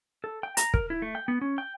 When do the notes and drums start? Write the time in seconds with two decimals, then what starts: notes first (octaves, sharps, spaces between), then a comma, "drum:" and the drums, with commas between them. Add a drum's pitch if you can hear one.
0.24 A4
0.43 G5
0.57 A#5, drum: hi-hat
0.74 A#4, drum: kick
0.90 E4
1.02 A3
1.15 G5
1.28 B3
1.41 C#4
1.58 G5